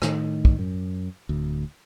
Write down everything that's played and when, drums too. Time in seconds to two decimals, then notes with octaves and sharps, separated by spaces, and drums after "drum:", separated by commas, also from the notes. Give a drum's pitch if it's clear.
0.02 A2 D#3, drum: rim click
0.45 drum: kick
0.59 F#2
1.29 D1 D2